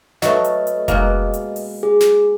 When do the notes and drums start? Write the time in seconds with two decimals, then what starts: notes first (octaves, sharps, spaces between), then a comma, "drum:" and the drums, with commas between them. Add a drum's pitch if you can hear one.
0.22 F#3 A3 B4 D#5, drum: snare
0.44 drum: hi-hat
0.67 drum: hi-hat
0.88 B2 G#3 A#3, drum: kick F1, hi-hat
1.34 drum: hi-hat
1.56 drum: open hi-hat
1.83 G#4
2.00 drum: snare